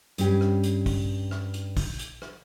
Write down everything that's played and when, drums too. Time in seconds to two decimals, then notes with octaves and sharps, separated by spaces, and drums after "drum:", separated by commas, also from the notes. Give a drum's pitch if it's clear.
0.18 G2 C#4 G4, drum: hi-hat
0.41 drum: rim click
0.63 drum: hi-hat
0.86 drum: kick, open hi-hat
1.31 drum: rim click
1.54 drum: hi-hat
1.77 drum: kick, open hi-hat
1.99 drum: hi-hat
2.22 drum: rim click